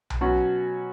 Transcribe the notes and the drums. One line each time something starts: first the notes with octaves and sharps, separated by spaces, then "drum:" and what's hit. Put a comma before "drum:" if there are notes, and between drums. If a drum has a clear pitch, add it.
drum: tom B1
B2 F#3 C#4 F#4